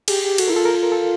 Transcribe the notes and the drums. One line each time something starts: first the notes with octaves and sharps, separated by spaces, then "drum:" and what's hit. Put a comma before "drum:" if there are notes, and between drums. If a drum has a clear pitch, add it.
G4 G#4, drum: cymbal
G4
F#4 A4, drum: cymbal
E4 A#4
F4 A4
A#4
A4
A#4
A4